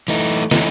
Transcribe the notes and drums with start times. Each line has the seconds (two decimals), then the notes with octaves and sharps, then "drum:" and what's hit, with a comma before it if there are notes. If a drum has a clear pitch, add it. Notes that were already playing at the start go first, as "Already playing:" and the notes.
0.08 E3 A3 D#4, drum: tambourine
0.51 E3 A3 D#4, drum: snare